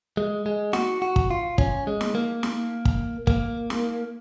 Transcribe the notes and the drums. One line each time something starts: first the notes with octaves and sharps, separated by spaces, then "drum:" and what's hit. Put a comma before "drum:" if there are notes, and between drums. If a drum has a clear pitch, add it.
G#3
G#3
F#4, drum: snare
F#4
drum: kick
F4
C#4, drum: kick
G#3
drum: snare
A#3
drum: snare
drum: kick
A#3, drum: kick
drum: snare